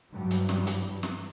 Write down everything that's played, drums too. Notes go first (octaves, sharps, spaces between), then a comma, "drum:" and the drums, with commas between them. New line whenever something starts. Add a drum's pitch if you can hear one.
G2 E3 F#3 G3
drum: hi-hat
drum: snare
drum: hi-hat
drum: snare